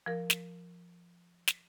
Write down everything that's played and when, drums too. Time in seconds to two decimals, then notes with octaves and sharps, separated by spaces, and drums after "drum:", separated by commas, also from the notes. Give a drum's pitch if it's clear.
0.06 F3 A#4
0.30 drum: snare
1.48 drum: snare